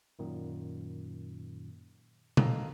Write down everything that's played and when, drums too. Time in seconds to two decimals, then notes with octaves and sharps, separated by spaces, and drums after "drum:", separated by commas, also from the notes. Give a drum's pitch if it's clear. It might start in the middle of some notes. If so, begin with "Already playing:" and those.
0.19 F#2 A#2 D#3
2.37 D#3 A4 D#5 F5 A#5, drum: tom B2